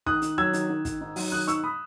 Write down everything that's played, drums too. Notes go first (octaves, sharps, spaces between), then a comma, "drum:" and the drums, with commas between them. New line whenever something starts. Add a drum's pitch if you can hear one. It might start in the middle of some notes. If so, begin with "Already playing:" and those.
D#3 D#6 F#6, drum: kick
D#3, drum: hi-hat
F#3 E6 G#6
D#3, drum: hi-hat
D#3
D#3, drum: kick, hi-hat
G#2
F#3, drum: open hi-hat
D#3 D#6 F#6
G#2 C#6 E6, drum: hi-hat
B5 D#6